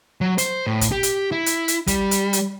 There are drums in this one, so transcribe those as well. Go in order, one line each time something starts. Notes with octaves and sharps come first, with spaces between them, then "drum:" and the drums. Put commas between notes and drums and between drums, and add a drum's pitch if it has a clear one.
F#3
C5, drum: hi-hat
A2
drum: kick, hi-hat
G4
drum: hi-hat
E4
drum: hi-hat
drum: hi-hat
G3, drum: kick, hi-hat
drum: hi-hat
drum: hi-hat